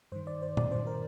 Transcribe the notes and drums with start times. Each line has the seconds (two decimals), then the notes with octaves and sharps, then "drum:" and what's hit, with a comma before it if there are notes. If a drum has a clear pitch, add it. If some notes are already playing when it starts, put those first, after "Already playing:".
0.12 G2 D#3 C5
0.27 D5
0.42 C5
0.57 D5, drum: tom A#2
0.72 G2 D#3 C5
0.87 A#4